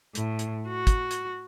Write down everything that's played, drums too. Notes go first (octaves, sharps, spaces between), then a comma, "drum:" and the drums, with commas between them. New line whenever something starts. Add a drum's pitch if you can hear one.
A2, drum: hi-hat
drum: hi-hat
F#4
drum: kick, hi-hat
drum: hi-hat